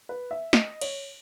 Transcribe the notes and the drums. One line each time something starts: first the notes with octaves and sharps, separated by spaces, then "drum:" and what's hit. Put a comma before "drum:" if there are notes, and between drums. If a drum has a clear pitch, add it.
B4
E5
D#5, drum: snare
C#5, drum: cymbal